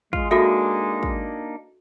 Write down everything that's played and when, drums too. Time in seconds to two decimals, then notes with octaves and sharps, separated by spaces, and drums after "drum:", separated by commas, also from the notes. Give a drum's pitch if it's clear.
0.13 G#3 F4, drum: kick
0.31 A#3 D4 D#4 F#4 A4 E5
1.03 drum: kick